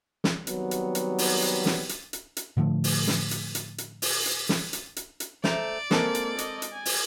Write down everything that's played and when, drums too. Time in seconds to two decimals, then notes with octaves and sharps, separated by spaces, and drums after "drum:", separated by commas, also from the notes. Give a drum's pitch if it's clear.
0.24 drum: snare
0.47 D#3 F#3 G3 B3 C4, drum: hi-hat
0.71 drum: hi-hat
0.95 drum: hi-hat
1.18 drum: open hi-hat
1.42 drum: hi-hat
1.66 drum: snare
1.89 drum: hi-hat
2.13 drum: hi-hat
2.37 drum: hi-hat
2.57 A2 D3 F3 A3
2.84 drum: open hi-hat
3.07 drum: snare
3.31 drum: hi-hat
3.55 drum: hi-hat
3.78 drum: hi-hat
4.02 drum: open hi-hat
4.26 drum: hi-hat
4.49 drum: snare
4.73 drum: hi-hat
4.96 drum: hi-hat
5.20 drum: hi-hat
5.44 A3 C5 D5 A#5, drum: snare
5.91 G#3 A#3 C4 A4 A#4, drum: snare
6.15 drum: hi-hat
6.38 D#5, drum: hi-hat
6.62 drum: hi-hat
6.73 G#5
6.85 drum: open hi-hat